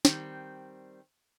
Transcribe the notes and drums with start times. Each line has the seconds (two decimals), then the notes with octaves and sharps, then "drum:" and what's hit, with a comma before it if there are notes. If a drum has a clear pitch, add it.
0.05 D#3 G3 C4, drum: snare